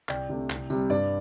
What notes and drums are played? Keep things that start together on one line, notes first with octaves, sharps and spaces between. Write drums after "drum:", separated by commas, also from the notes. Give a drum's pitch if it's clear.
C2 D5 G5, drum: clap
C3 A3 D4
C2, drum: clap
C3 G3, drum: tambourine
G2 D5, drum: tambourine